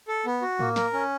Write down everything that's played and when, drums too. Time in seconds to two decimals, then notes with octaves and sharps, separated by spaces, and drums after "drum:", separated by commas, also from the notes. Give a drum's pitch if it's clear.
0.08 A4
0.26 B3
0.42 F#4
0.59 A#3, drum: tom A2
0.76 A#4, drum: snare
0.93 C#4